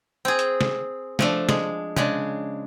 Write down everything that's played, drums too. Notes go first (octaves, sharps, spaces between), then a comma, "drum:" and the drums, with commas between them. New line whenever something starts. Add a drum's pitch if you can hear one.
C4 G#4
drum: hi-hat
drum: snare
F3 A3 D4, drum: snare
G#3, drum: snare
C#3 G#3 D4, drum: tom